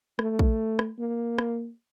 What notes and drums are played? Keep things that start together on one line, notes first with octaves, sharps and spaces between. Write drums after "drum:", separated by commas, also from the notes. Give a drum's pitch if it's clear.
A3, drum: rim click
drum: kick
drum: rim click
A#3
drum: rim click